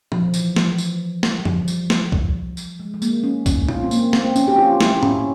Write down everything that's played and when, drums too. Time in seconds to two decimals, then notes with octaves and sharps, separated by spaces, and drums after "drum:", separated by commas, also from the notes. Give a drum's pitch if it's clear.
0.12 F3, drum: tom
0.34 E3, drum: tambourine
0.56 F3, drum: snare
0.78 drum: tambourine
1.23 drum: snare
1.40 G3
1.45 F3, drum: tom F#2
1.68 drum: tambourine
1.90 drum: snare
2.12 drum: kick
2.57 drum: tambourine
2.80 G#3
2.94 G#3
3.02 A#3, drum: tambourine
3.23 C#4
3.46 C#4, drum: kick, tambourine
3.69 F4, drum: tom
3.84 C4
3.91 A#3, drum: tambourine
4.13 C4, drum: snare
4.36 C#4, drum: tambourine
4.48 G4
4.58 F4
4.81 E4, drum: snare
5.03 C#4, drum: tom G#2